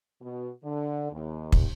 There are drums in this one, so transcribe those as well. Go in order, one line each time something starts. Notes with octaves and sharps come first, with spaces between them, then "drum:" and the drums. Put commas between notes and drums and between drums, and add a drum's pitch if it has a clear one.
B2
D3
D#2
drum: kick